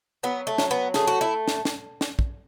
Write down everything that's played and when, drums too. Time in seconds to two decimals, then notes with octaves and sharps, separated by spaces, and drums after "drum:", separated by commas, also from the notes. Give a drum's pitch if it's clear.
0.23 F#3 B3
0.47 A3
0.58 F#3, drum: snare
0.71 B3
0.94 A3 G#4, drum: snare
1.07 F#4
1.21 E4
1.48 drum: snare
1.65 drum: snare
2.01 drum: snare
2.19 drum: kick